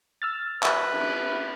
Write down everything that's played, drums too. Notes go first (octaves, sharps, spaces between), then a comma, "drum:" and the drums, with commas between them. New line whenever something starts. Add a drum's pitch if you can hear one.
E6 F6 A6
B4 E5, drum: clap
drum: cymbal